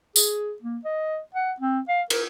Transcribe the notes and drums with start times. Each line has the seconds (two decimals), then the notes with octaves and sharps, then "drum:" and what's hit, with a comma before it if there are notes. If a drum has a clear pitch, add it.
0.16 G#4, drum: tambourine
0.62 A#3
0.85 D#5
1.34 F#5
1.60 C4
1.89 F5
2.10 A#4, drum: cymbal